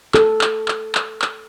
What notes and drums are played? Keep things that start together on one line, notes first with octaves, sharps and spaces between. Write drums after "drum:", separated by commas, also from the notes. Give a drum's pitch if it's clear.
A4, drum: clap
drum: clap
drum: clap
drum: clap
drum: clap